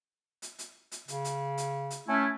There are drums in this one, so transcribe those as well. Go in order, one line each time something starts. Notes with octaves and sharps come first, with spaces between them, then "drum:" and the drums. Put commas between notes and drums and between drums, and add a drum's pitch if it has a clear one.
drum: hi-hat
drum: hi-hat
drum: hi-hat
C#3, drum: hi-hat
drum: hi-hat
drum: hi-hat
drum: hi-hat
A3 C#4 E4